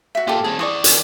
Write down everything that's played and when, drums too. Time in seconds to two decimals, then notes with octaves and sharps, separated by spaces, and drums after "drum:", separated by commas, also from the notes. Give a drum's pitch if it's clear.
0.15 F#4 E5
0.28 A#2 F4 G4 A4
0.45 C4 G#4 A5
0.59 E3 D5 C#6 D#6
0.84 drum: hi-hat